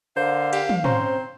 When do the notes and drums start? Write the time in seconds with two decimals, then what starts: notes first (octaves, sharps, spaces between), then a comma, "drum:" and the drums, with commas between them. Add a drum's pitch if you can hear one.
0.16 D3 A#4 C5 F5
0.53 G4, drum: cymbal
0.69 drum: tom
0.84 C4 C#4 C5 A#5 C6, drum: tom